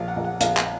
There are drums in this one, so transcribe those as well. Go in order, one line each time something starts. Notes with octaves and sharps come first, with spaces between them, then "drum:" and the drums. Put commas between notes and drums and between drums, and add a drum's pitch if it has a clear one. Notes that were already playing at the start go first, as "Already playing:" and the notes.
Already playing: A#1 F5
F#5
A#1
F#5
A#1 F5, drum: hi-hat
F5, drum: clap